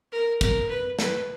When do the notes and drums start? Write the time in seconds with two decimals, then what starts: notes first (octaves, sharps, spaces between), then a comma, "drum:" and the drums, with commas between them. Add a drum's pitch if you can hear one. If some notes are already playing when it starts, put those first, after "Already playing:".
0.12 A#4
0.41 A#4, drum: kick, hi-hat
0.69 B4
0.99 B4, drum: snare